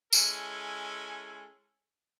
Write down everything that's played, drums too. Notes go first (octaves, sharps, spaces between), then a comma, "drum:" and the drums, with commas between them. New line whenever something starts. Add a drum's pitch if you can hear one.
G#3 C#4 E4 A4 G#5, drum: tambourine